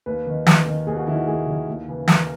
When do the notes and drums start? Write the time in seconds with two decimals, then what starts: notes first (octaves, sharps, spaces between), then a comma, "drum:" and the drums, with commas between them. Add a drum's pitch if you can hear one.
0.06 D#2 B4
0.26 D#3
0.46 D#2, drum: snare
0.66 D#3
0.87 D#2 G#4
0.97 F#4
1.07 D#3 E4
1.17 F#4
1.27 D#2 G#4
1.47 D#3
1.67 D#2
1.88 C#3 E3
2.08 D#2 A#4, drum: snare